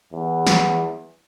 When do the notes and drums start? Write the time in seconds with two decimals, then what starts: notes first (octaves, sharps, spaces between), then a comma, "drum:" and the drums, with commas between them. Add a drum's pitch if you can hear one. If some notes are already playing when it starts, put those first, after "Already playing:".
0.13 E2
0.47 drum: snare